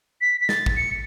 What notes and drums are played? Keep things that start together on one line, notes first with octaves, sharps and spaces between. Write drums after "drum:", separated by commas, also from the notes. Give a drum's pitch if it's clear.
B6
B6
A6, drum: snare
drum: kick
C#7